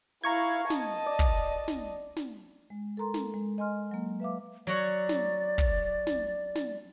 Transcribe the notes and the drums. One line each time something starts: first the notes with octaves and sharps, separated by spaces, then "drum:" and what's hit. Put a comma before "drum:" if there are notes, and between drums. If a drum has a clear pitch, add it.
E4 F5 A#5 C#6 G#6
D#5 A5, drum: snare
D5
drum: kick
drum: snare
drum: snare
G#3
A4 A#4 A#5 C6
drum: snare
G#3
D#5 G#5 C6 F6
F#3 A#3
B4 E5 F5 D6
F#3 F#4 C#5 D5
drum: snare
drum: kick
drum: snare
drum: snare